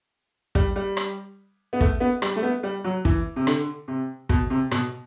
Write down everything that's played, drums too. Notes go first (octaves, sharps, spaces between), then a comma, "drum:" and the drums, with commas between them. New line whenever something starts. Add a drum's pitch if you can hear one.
G3, drum: kick
G3
drum: rim click
B3
A3, drum: kick
B3
G3, drum: rim click
A3
B3
G3
F#3
E3, drum: kick
C3
D3, drum: rim click
C3
B2, drum: kick
C3
B2, drum: rim click